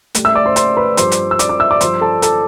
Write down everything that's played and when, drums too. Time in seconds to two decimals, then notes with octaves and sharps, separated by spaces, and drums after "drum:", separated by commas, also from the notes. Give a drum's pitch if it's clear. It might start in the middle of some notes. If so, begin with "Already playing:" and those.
0.15 A2 G3, drum: hi-hat
0.25 E5 E6
0.35 D5 D6
0.46 C5 C6
0.56 C5 C6, drum: hi-hat
0.77 B4 B5
0.97 G2 F3 C5 C6, drum: hi-hat
1.12 drum: hi-hat
1.31 E6
1.39 D5 D6, drum: hi-hat
1.49 D5 D6
1.60 E5 E6
1.71 D5 D6
1.81 G2 F3 C5 C6, drum: hi-hat
2.01 A4 A5
2.22 A4 A5, drum: hi-hat